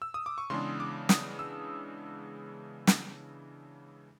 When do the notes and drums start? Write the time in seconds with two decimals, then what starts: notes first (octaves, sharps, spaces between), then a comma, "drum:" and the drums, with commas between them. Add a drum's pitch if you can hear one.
0.02 E6
0.14 D#6
0.26 D6
0.38 C#6
0.50 C#3 E3 G#3 B3 D4 C6
0.80 D6
1.09 D#6, drum: snare
1.39 E6
2.87 drum: snare